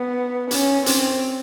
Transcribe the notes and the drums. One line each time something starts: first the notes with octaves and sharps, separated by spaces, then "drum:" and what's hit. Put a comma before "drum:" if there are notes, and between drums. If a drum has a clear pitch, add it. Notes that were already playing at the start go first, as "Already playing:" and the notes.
Already playing: B3
C#4, drum: hi-hat
C4, drum: hi-hat